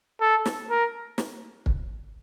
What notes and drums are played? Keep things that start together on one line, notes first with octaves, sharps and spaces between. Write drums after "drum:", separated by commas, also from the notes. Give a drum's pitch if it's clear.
A4
drum: snare
A#4
drum: snare
drum: kick